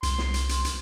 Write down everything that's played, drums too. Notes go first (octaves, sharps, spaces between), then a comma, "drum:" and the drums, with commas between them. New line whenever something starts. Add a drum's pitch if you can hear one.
C2 C6, drum: hi-hat
drum: snare
drum: hi-hat
drum: hi-hat
drum: hi-hat